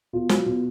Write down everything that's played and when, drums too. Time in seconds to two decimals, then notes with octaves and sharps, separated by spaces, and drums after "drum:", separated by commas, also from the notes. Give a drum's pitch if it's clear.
0.13 B2 F4
0.29 F#3, drum: snare
0.46 B2